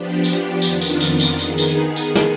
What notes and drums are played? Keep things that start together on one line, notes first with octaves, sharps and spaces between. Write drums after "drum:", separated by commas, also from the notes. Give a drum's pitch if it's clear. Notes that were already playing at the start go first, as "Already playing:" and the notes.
Already playing: F3 B3 D4 G4
drum: tambourine
F2 D#3 B3 D4 F4, drum: tambourine
drum: tambourine
drum: tambourine
drum: tambourine
D#3 B3 D#4 G#4, drum: tambourine
drum: tambourine
drum: tambourine
drum: snare